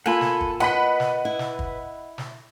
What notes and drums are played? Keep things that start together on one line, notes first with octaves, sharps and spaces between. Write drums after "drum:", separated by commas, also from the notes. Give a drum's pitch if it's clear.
A#3 F4 A4 F#5 G#5 B5
drum: snare
drum: kick
B4 D#5 F#5 B5 B6
drum: snare
E4
drum: snare
drum: kick
drum: snare